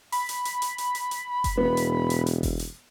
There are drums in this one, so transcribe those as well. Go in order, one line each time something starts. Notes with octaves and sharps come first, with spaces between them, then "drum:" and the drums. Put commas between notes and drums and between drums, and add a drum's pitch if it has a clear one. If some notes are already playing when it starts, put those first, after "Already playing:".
B5, drum: open hi-hat
drum: hi-hat
drum: hi-hat
drum: hi-hat
drum: hi-hat
drum: hi-hat
drum: hi-hat
drum: kick F#1, hi-hat
E1 B3
drum: hi-hat
drum: hi-hat
drum: hi-hat
drum: kick F#1, open hi-hat
drum: hi-hat